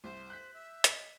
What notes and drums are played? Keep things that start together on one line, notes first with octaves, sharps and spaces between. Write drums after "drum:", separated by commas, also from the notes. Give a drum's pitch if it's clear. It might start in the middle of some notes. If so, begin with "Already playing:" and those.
C2 C5
F#6 G6 B6
E5
D#5 B6, drum: hi-hat